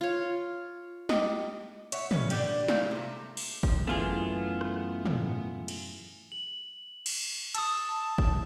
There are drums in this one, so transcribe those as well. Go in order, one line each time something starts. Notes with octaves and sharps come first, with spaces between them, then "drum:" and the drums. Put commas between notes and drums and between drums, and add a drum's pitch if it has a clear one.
F4 C#5
G4 D#5, drum: snare
C#5 E5 F#5, drum: hi-hat
C#4 B4, drum: tom
D3 D4 D#4 G4, drum: cymbal
D#3 E4 F5, drum: snare
C3 A4
drum: open hi-hat
F3, drum: kick
F#2 E3 A3 B3 F4 G#4
drum: rim click
drum: tom
drum: cymbal
F#7
drum: cymbal
A5 D#6 E6, drum: hi-hat
drum: kick